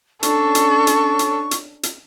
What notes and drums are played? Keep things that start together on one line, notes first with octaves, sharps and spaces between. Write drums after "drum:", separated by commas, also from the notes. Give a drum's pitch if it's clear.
C#4 D4 A4 C#6, drum: hi-hat
drum: hi-hat
drum: hi-hat
drum: hi-hat
drum: hi-hat
drum: hi-hat